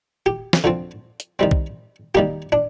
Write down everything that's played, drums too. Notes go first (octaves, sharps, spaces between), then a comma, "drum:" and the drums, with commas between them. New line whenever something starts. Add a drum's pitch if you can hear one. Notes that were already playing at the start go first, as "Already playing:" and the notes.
G4
drum: snare
D3 F3 C4
drum: hi-hat
D#3 G3 C4
drum: kick B1
D#3 G3 A#3 G4
D4